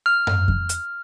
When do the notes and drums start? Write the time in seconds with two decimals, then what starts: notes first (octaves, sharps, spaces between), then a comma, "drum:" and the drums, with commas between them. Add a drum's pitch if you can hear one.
0.06 F6
0.27 drum: tom F#2
0.48 drum: kick F2
0.69 drum: hi-hat